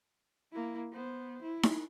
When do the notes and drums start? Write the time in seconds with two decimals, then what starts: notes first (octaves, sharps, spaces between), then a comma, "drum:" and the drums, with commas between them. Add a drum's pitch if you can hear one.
0.52 A#3 E4
0.93 B3 C5
1.43 E4
1.63 drum: snare D#4